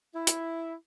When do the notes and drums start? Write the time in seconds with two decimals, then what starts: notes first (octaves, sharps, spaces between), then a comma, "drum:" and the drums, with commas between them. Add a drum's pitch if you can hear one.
0.14 E4
0.27 drum: hi-hat